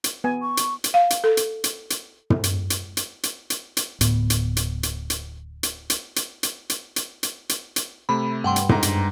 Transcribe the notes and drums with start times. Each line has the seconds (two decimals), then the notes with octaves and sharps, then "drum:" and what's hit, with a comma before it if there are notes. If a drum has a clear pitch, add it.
0.04 drum: hi-hat
0.24 B3 G#5
0.42 C#6
0.57 drum: hi-hat
0.84 drum: hi-hat
0.94 F5
1.10 drum: hi-hat
1.24 A4
1.37 drum: hi-hat
1.64 drum: hi-hat
1.90 drum: hi-hat
2.30 drum: tom
2.44 drum: hi-hat
2.70 drum: hi-hat
2.97 drum: hi-hat
3.23 drum: hi-hat
3.50 drum: hi-hat
3.77 drum: hi-hat
4.01 D1 A2 B3, drum: hi-hat
4.30 drum: hi-hat
4.57 drum: hi-hat
4.83 drum: hi-hat
5.10 drum: hi-hat
5.63 drum: hi-hat
5.90 drum: hi-hat
6.16 drum: hi-hat
6.43 drum: hi-hat
6.70 drum: hi-hat
6.96 drum: hi-hat
7.23 drum: hi-hat
7.49 drum: hi-hat
7.76 drum: hi-hat
8.09 C3 A3 B5
8.44 G2 F#5 G5 C6
8.56 drum: hi-hat
8.69 G#2 A#5, drum: tom
8.83 drum: hi-hat